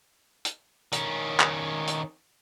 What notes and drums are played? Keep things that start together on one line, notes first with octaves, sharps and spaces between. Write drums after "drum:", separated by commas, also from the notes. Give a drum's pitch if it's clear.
drum: hi-hat
D#3 C#4, drum: hi-hat
drum: clap
drum: hi-hat